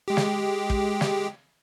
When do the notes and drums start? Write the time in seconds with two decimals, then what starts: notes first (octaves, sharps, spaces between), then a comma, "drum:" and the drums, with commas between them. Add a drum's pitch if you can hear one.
0.08 G#3 G4
0.17 drum: snare
0.70 drum: kick
1.01 drum: snare